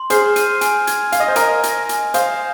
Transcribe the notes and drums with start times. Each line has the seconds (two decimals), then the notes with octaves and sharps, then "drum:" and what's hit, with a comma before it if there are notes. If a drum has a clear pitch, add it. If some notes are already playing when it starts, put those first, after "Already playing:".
Already playing: C6
0.10 G#4 C5 F6, drum: hi-hat
0.36 D#7, drum: hi-hat
0.61 G#5, drum: hi-hat
0.87 G#6, drum: hi-hat
1.12 F5 G#6, drum: hi-hat
1.20 D#5
1.28 C5
1.36 A#4 D#5 G#6, drum: hi-hat
1.63 A#6, drum: hi-hat
1.89 G#5, drum: hi-hat
2.14 C5 F5 D#6, drum: hi-hat